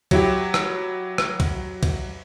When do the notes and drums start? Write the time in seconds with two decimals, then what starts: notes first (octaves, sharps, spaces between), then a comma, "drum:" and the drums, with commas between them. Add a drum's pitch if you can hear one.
0.11 F#3 E4 G4, drum: kick, cymbal
0.54 drum: rim click
1.18 drum: rim click
1.40 drum: kick, cymbal
1.83 drum: kick, cymbal